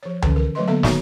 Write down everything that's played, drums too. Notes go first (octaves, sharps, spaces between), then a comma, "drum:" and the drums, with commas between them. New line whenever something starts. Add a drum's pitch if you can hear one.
F3 C#5
D3 E3 C#4, drum: tom C#2
A#4
F#3 A3 B4 D#5 C6
D3 A#3 B3 A4 E5 A5
D#3 B3 D#4 F#4 C#5 E5, drum: snare